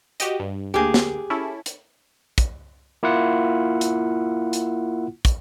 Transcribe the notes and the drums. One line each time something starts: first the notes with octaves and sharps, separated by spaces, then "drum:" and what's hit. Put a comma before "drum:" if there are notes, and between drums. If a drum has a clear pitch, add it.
F#4 G4 D#5, drum: hi-hat
G2
D2 A#3 G4 G#4
drum: snare
C#4 E4 A4
drum: hi-hat
drum: kick, hi-hat
A#3 E4 F4 F#5
drum: hi-hat
drum: hi-hat
drum: kick, hi-hat